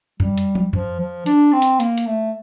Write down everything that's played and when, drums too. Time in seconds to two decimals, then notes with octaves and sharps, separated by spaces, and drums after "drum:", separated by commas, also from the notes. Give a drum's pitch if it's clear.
0.20 G3, drum: tom F2
0.38 drum: hi-hat
0.55 drum: tom
0.73 F3, drum: tom F2
1.00 F3
1.26 D4, drum: hi-hat
1.53 C4
1.62 drum: hi-hat
1.80 A#3, drum: hi-hat
1.98 drum: hi-hat
2.07 A3